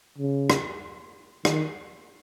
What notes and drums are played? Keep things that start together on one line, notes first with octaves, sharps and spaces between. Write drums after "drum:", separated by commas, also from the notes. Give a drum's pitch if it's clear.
C#3
drum: rim click
D#3, drum: rim click